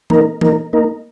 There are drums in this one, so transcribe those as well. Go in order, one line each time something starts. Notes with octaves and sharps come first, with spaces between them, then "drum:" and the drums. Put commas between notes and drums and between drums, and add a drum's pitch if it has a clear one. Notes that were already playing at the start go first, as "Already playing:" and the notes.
A#3 D#4 A#4, drum: tom
A#3 D#4 A#4, drum: tom
A#3 D#4 A#4